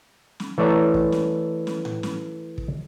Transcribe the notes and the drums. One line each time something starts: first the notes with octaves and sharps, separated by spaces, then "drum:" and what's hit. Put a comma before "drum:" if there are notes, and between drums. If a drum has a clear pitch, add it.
drum: snare
E3 A3 C#5 D5 E5 A#5
drum: kick
drum: snare
drum: snare
drum: tom A2
drum: snare
drum: kick